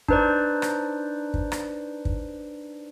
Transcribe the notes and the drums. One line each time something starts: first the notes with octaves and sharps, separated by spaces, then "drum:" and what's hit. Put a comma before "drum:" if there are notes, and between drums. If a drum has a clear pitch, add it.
D4 D#4 B4 C5 D5, drum: kick
drum: rim click
drum: kick
drum: rim click
drum: kick